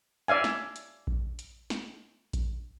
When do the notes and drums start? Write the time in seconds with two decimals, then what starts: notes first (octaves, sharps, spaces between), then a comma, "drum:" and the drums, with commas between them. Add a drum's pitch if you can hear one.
0.28 D5 E5 F5 G#5
0.44 drum: snare
0.76 drum: hi-hat
1.07 drum: kick A#1
1.39 drum: hi-hat
1.70 drum: snare
2.33 drum: kick A#1, hi-hat